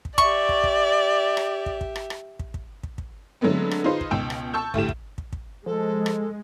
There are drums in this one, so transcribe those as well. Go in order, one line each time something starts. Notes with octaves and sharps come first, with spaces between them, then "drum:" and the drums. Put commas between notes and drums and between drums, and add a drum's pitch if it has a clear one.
drum: kick
G4 D5 E5 C#6, drum: kick
drum: kick
drum: kick
drum: rim click
drum: kick
drum: kick
drum: rim click
drum: rim click
drum: kick
drum: kick
drum: kick
drum: kick
D3 F#3 G#3 A3 B3 C4
drum: rim click
D#4 F4 G#4 B4 C5 D#5
drum: kick
C#2 B2 G5 E6
drum: rim click
A5 C#6 E6 G6
D2 A2 G4 E7, drum: kick
drum: kick
drum: kick
drum: kick
F3 G#3 A4
drum: rim click